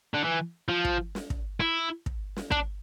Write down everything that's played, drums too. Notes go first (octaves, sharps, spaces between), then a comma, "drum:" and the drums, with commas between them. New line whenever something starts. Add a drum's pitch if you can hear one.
D3
E3
F3
drum: kick
drum: snare
drum: kick
E4
drum: kick
drum: snare
D4, drum: kick